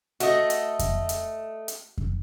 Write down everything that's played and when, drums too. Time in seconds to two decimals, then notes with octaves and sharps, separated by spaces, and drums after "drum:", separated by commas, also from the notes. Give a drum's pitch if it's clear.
0.20 A3 F#4 D#5, drum: hi-hat
0.50 drum: hi-hat
0.79 drum: kick F2, hi-hat
1.09 drum: hi-hat
1.68 drum: hi-hat
1.98 drum: kick F2